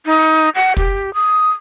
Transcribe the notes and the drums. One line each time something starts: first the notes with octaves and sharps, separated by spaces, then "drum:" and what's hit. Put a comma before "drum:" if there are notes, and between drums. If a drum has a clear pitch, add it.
D#4
F#5
G4, drum: kick
D#6